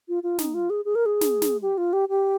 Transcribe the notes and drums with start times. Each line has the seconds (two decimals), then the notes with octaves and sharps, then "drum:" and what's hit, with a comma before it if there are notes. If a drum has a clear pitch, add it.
0.09 F4
0.23 F4
0.39 D#4, drum: snare
0.54 F4
0.70 G#4
0.85 G#4
0.95 A#4
1.06 G#4
1.21 drum: snare
1.42 drum: snare
1.62 G4
1.78 F4
1.93 G4
2.09 G4